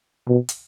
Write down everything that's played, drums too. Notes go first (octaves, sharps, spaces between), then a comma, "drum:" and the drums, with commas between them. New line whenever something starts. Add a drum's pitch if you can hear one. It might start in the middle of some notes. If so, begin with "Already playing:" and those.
B2
drum: hi-hat